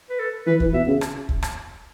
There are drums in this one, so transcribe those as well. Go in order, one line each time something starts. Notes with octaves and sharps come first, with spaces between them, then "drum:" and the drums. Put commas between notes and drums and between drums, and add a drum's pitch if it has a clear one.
B4
A4
E3 B4
E3, drum: kick
B2 E5
C#3
drum: rim click
drum: kick
drum: rim click